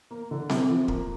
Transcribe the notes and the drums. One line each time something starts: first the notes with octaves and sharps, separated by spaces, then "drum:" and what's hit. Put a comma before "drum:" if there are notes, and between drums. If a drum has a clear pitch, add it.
A#3
D3
C3, drum: snare C4
F3
A#3, drum: kick